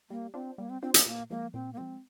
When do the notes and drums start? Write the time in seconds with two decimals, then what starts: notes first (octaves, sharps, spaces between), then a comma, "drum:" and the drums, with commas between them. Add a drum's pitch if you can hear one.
0.10 G3 A#3
0.34 C4 D4 F4 C5
0.58 G3 A#3
0.70 C4
0.82 C4 D4 F4 C5
0.94 A#3, drum: hi-hat
1.06 A#2 A#3
1.30 F3 G#3 A#3
1.54 A#2 C4
1.73 A#3
1.77 F3 G#3 C4